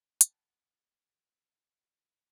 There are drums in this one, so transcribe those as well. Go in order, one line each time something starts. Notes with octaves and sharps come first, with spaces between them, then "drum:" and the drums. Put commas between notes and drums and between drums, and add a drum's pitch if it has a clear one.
B3 G5 A5, drum: hi-hat